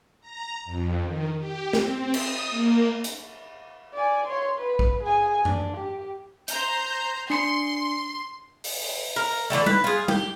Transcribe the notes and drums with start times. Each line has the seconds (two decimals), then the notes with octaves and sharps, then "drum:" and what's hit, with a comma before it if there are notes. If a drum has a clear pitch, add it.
0.21 A#5
0.65 F2
1.04 D#3
1.38 G4
1.73 C4, drum: snare
2.14 D#6, drum: cymbal
2.50 A#3
3.04 drum: hi-hat
3.94 D5 G#5
4.27 C#5 C6
4.59 B4
4.79 drum: kick
5.03 G#4 G#5
5.45 D4, drum: tom F#2
5.77 G4
6.48 C5 A#5 G6, drum: hi-hat
7.30 D4 C6 C7 C#7
8.64 drum: open hi-hat
8.81 drum: open hi-hat
9.16 A#4
9.50 D3 E3 G3 A3
9.66 B4, drum: tom G3
9.84 F4 G#4
10.08 G4, drum: tom G3